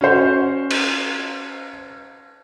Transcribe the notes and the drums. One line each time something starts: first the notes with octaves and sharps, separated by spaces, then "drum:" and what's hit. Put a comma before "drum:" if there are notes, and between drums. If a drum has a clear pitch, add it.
C#4 F#4 C5 C#5
drum: cymbal